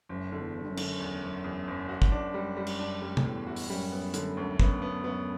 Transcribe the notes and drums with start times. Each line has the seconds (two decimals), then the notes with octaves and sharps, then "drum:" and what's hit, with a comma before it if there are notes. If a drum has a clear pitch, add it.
0.09 F#1 F#2
0.32 D3
0.40 E2
0.55 F#1
0.64 G2
0.70 F#2
0.77 D3, drum: cymbal
1.00 E2
1.22 F#1
1.44 E2
1.67 F#1
1.89 F#4
2.02 drum: kick
2.12 D4
2.34 G3
2.57 G3
2.67 drum: cymbal
2.79 F#2 D4
3.02 G3
3.17 F#2, drum: tom
3.24 E2 A2
3.47 F#4
3.56 drum: open hi-hat
3.69 F#2 G3
3.92 B3
4.14 D3, drum: hi-hat
4.37 D2
4.59 F#2 B3, drum: kick
4.82 B3
5.04 F#2 B3